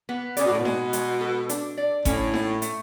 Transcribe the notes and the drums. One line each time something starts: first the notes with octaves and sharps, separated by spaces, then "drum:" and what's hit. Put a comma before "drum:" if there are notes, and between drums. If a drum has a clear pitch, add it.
B3
C#3 D5, drum: hi-hat
B2
A2
B2
G#3, drum: snare D#4
G#3, drum: hi-hat
A4
D4, drum: hi-hat
D5
A2 C#4, drum: kick G#1, hi-hat
A3, drum: snare D#4
A3, drum: hi-hat